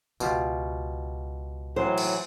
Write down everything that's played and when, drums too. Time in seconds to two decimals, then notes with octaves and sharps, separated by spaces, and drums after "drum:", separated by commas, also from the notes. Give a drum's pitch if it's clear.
0.20 C#2 B2 F4 G4, drum: tambourine
1.76 A2 E3 F#3 C5
1.98 drum: cymbal